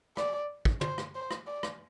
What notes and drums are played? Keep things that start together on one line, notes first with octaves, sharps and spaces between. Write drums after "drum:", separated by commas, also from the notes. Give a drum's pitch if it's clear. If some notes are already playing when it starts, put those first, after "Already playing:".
D5, drum: rim click
drum: kick
C5, drum: tom
drum: rim click
C5
drum: rim click
D5
drum: rim click